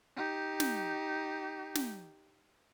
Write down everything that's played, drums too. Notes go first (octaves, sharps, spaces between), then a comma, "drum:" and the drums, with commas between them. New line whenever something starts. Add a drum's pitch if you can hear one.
D#4 G4
drum: snare
drum: snare